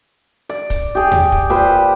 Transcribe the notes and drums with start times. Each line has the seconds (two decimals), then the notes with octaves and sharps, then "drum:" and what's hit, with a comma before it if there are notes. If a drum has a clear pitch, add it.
0.49 D5, drum: rim click
0.70 drum: kick, hi-hat
0.95 G4 G#4
1.12 drum: tom D#2
1.32 drum: kick
1.49 A#2 G4 B4 C5